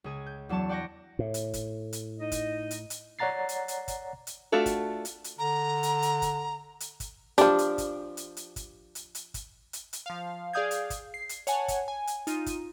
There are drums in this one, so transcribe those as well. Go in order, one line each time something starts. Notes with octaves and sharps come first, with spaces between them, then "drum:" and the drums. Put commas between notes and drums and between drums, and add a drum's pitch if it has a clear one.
C#2 G#4 G#6
G6
E2 F#3 D4 A5 C#6
D5 F#5 G5 C#6 A#6
A2
drum: hi-hat
drum: kick, hi-hat
drum: hi-hat
D#4 D#5
drum: kick, hi-hat
drum: hi-hat
drum: hi-hat
C#5 D5 F#5 A#5 A6 C7
drum: hi-hat
drum: hi-hat
drum: kick, hi-hat
drum: hi-hat
A3 D4 F4 F#4 A4
drum: kick, hi-hat
drum: hi-hat
drum: hi-hat
D3 A#5
drum: hi-hat
drum: hi-hat
drum: kick, hi-hat
drum: hi-hat
drum: kick, hi-hat
F3 D4 G4, drum: hi-hat
drum: hi-hat
drum: kick, hi-hat
drum: hi-hat
drum: hi-hat
drum: kick, hi-hat
drum: hi-hat
drum: hi-hat
drum: kick, hi-hat
drum: hi-hat
drum: hi-hat
F3 F5
G#4 D5 F5 D#6 G6 G#6
drum: hi-hat
drum: kick, hi-hat
C7
drum: hi-hat
C#5 F#5 G#5 A5, drum: hi-hat
drum: kick, hi-hat
G#5
drum: hi-hat
D#4 F4 D#7, drum: hi-hat
drum: kick, hi-hat